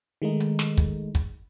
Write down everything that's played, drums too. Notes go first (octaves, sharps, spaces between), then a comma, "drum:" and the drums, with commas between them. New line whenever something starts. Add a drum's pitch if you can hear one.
D#3 G#3 A3 D#4
drum: hi-hat
drum: snare
drum: kick, hi-hat
drum: kick, hi-hat